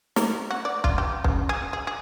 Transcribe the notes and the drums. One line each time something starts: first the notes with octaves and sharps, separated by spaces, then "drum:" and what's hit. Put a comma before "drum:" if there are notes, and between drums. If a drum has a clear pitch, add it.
A#4, drum: snare
F#4
D5
F4, drum: kick
G4
C#3, drum: kick
G#4
G#4
G#4